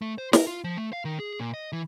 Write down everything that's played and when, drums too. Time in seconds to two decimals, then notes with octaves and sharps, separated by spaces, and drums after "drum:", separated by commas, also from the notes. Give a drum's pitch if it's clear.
0.02 A3
0.18 C5
0.33 A#4, drum: snare
0.47 F4
0.64 F3
0.77 A3
0.93 F5
1.05 D#3
1.20 G#4
1.40 A#2
1.54 D#5
1.72 E3